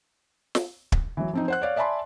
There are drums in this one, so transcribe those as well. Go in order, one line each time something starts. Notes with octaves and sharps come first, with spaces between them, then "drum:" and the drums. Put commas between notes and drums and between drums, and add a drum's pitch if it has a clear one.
drum: snare
drum: kick
E3 F#3
F3 C4 D#4
C5 F#5 F#6
C#5 D5 F5
D5 E5 G#5 A5 B5 C6